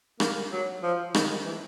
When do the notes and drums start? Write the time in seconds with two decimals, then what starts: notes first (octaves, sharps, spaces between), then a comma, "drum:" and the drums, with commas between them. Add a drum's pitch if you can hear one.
0.20 A#3, drum: rim click
0.52 F#3
0.83 F3
1.14 D#3, drum: rim click
1.46 E3